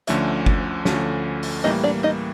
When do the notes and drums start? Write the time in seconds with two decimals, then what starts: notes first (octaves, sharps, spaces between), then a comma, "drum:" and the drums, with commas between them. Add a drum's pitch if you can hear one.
0.07 D2 D3 F3 A3 C#4 E4 E5, drum: hi-hat
0.46 drum: kick G1
0.85 D2 D3 F3 A3 C#4, drum: snare
1.43 drum: open hi-hat
1.64 A2 E3 G3 A#3 D#4 D#5
1.84 D4 D5
2.03 D#4 D#5